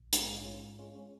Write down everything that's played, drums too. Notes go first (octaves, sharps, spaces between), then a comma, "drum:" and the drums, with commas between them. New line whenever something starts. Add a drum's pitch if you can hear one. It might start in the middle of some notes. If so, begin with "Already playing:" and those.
Already playing: A#1 A#2
G#2 F4, drum: hi-hat
G#4
C#4 F4
G#2
G#3 C#4 F4
C#4